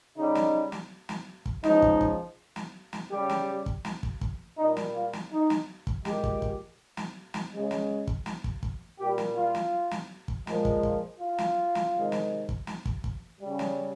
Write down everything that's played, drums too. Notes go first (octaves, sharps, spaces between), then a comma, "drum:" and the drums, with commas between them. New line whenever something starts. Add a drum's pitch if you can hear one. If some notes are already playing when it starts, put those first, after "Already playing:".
C#3 G3 D#4
drum: snare
drum: snare
drum: snare
drum: kick
C#3 F3 G#3 D#4, drum: snare
drum: kick
drum: kick
drum: snare
drum: snare
C#3 G3 G4
drum: snare
drum: kick
drum: snare
drum: kick
drum: kick
A#2 G3 D#4
drum: snare
F4
drum: snare
D#4
drum: snare
drum: kick
A#2 G#3 G4, drum: snare
drum: kick
drum: kick
drum: snare
drum: snare
C#3 G#3
drum: snare
drum: kick
drum: snare
drum: kick
drum: kick
A#2 G3 G4
drum: snare
F4
drum: snare
drum: snare
drum: kick
A#2 F3 G#3, drum: snare
drum: kick
drum: kick
F4
drum: snare
drum: snare
C3 D#3 G#3
drum: snare
drum: kick
drum: snare
drum: kick
drum: kick
C#3 G3
drum: snare